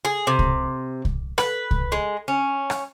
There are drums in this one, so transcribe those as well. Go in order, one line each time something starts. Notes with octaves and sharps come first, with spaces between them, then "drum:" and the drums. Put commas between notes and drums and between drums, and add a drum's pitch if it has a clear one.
G#4
C3
drum: kick C2
drum: kick C2
B4, drum: rim click
drum: kick C2
G#3
C#4
drum: rim click